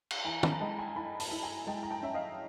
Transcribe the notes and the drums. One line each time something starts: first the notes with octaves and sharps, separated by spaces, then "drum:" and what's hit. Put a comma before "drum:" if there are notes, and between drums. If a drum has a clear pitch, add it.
drum: cymbal
E3 G#5 A#5
A5 B5, drum: tom
A#5
G#3 G5 A5
G#5 A#5
E4 A5 B5
A5 B5, drum: open hi-hat
E4
G#5 A#5
G#3 G5 A5
A#5
G5 A5
C#4 E5
D#5 F5